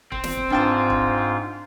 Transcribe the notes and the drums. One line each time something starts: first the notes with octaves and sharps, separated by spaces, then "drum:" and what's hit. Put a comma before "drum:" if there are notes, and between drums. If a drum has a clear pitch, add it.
C4, drum: kick
drum: snare
drum: kick
G#2 D4 F4 G5 A5
drum: kick